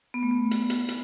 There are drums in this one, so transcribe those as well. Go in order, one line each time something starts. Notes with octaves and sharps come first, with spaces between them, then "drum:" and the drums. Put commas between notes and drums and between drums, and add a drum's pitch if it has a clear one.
B3
A3
B3
drum: hi-hat
drum: hi-hat
B3, drum: hi-hat